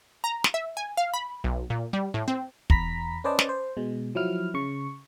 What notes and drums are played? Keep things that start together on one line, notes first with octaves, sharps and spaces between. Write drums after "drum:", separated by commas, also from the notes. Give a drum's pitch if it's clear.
A#5
drum: snare
E5
G#5
F5
B5
B1
A#2
G3
A2
C4
E2 A#5 B5 B6, drum: kick
C#4 B4 C5 D5 D#5 A5
drum: snare
C5
B2 G#3
F3 F#3 E4 F6
C#3 C#6